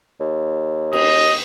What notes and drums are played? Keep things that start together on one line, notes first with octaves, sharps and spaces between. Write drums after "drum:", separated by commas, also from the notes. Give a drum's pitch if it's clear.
D#2
D#5, drum: cymbal